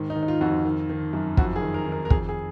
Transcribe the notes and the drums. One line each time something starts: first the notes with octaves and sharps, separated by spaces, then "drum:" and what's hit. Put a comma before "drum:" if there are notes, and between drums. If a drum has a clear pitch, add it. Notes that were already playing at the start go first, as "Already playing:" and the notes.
Already playing: G#2 D#3
D#4
D#3
D#4
F4
F2 F#4
F4
D#3
D#3
F#2
F2 F#4, drum: kick
G#4
D#3
A#4
D#3
A#4
A#4
F2 G#4, drum: kick
G#4